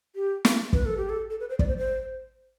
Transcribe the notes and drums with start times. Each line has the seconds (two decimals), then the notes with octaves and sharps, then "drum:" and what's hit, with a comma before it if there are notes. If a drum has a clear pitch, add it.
0.15 G4
0.45 drum: snare
0.73 B4, drum: kick
0.86 A4
0.97 G4
1.09 A4
1.30 A4
1.40 B4
1.50 C5
1.59 D5, drum: kick
1.68 C5
1.78 C5